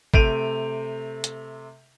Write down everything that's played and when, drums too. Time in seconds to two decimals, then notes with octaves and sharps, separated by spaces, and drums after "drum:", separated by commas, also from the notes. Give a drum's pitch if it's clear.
0.14 C3 A3 G6 D7 D#7 F7, drum: kick
1.24 drum: hi-hat